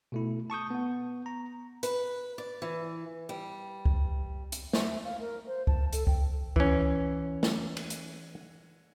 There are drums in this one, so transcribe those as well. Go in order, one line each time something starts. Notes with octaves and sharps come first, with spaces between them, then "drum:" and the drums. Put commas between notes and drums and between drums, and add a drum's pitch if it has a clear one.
B2 A3 E4
A5 C#6 D#6 G6
B3 F#5
A#5
B4, drum: hi-hat
D5
E3
G3
drum: kick C2
drum: hi-hat
E5, drum: snare
F5
A#4
C5
A5, drum: kick C2
A4, drum: hi-hat
G5, drum: kick C2
E3 C#4, drum: kick C2
drum: snare
drum: cymbal
drum: hi-hat